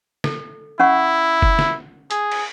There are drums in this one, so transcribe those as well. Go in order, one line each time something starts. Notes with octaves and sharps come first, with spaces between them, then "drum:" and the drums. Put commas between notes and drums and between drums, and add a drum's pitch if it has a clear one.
A4, drum: snare
C#4 E4 F#5 C#6
drum: kick F#1
drum: snare
G#4, drum: hi-hat
drum: cymbal